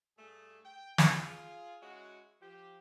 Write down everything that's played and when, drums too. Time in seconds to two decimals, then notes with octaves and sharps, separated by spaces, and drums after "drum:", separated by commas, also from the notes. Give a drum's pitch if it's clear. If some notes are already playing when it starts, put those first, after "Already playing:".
0.18 G2 A3 G#4
0.65 G5
0.98 drum: snare
1.14 F4 G#4
1.81 G#3 C#4 E4 F#4
2.41 F3 G4